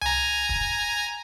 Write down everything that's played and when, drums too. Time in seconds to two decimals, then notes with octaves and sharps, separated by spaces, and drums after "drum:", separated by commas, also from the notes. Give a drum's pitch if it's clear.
0.02 G#5 A#5, drum: tom C2
0.49 drum: kick